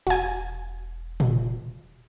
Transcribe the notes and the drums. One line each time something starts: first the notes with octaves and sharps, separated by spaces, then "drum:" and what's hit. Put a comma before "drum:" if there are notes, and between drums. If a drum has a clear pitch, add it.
E1 F#4 G#5
drum: tom A#2